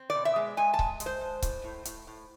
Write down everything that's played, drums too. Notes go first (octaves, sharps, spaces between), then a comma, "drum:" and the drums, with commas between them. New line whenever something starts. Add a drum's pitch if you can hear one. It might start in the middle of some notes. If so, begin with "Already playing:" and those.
Already playing: C4
D5
B2
E5
G#3
G#3 G#5
A5
G#3, drum: kick C#1
G#3, drum: hi-hat
C5
G#3
A2, drum: kick C#1, hi-hat
A2
A2, drum: hi-hat
A2